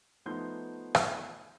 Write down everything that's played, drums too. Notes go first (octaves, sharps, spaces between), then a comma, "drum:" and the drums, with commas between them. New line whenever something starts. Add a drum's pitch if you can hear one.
F3 A3 B3 D#4 C6 G6
drum: rim click